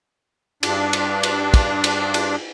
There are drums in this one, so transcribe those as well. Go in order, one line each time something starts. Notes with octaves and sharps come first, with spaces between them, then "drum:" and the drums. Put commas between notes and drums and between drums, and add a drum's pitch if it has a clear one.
G2 D4, drum: cymbal
drum: cymbal
drum: cymbal
drum: kick, cymbal
drum: cymbal
drum: cymbal